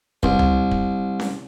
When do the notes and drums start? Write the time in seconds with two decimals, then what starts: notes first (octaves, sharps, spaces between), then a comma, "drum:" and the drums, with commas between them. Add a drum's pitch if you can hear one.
0.23 C2, drum: kick
0.39 drum: tom C#2
0.71 drum: kick
1.20 drum: snare C#4